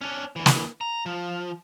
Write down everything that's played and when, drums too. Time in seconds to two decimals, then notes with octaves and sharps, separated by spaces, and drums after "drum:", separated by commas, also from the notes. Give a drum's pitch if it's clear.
0.01 C#4 D4
0.36 D2 E3
0.46 drum: snare
0.81 A#5
1.06 F3